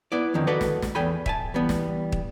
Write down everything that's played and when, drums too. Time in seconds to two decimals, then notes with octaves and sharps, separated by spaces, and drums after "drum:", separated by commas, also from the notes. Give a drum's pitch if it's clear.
0.12 B3 E4 D5
0.34 F2 D3 D#3 F3
0.47 F#4 A4 B4 D5 D#5 F#5
0.61 drum: snare
0.82 drum: snare
0.95 E2 A4 G5 G#5 B5
1.26 E5 G#5 A5, drum: kick
1.54 E3 G3 B3
1.69 drum: snare
2.12 drum: kick